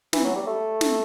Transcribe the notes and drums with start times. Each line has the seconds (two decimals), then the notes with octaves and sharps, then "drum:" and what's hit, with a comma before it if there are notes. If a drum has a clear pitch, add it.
0.13 E3, drum: snare
0.24 F#3
0.36 G3
0.47 A3
0.81 drum: snare